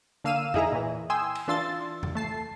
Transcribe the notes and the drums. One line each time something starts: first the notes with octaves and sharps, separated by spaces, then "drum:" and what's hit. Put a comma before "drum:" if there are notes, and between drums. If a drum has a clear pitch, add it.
D3 A#3 F5 E6 D#7 E7
D#4 E4 G#4 E5 A#5, drum: tom E2
A#2 E3
G5 G#5 C6 D#6 E6
drum: cymbal
E3 D4 F4 C6 E6 A6
drum: tom E2
A3 A5 C7